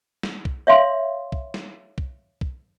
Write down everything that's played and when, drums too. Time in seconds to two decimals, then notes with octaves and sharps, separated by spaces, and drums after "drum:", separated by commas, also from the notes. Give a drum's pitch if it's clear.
0.23 drum: snare
0.45 drum: kick
0.67 C#5 E5 F5 C6
1.32 drum: kick
1.54 drum: snare
1.98 drum: kick
2.41 drum: kick